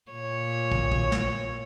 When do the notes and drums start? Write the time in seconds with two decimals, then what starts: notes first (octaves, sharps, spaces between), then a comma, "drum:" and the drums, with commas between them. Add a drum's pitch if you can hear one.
0.11 A#2 C#5
0.72 drum: kick
0.92 drum: kick
1.12 drum: snare